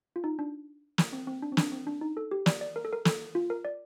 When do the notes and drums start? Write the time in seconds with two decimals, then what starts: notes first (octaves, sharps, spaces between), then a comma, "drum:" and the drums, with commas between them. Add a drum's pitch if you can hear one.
0.16 F4
0.24 D#4
0.39 D4
0.98 drum: snare
1.13 C4
1.27 C4
1.42 D4
1.52 C4
1.57 D4, drum: snare
1.72 C4
1.87 D4
2.01 D#4
2.17 A4
2.31 G4
2.46 D5, drum: snare
2.61 D5
2.76 A#4
2.85 A4
2.93 A#4
3.05 A4, drum: snare
3.35 F4
3.50 A#4
3.65 D5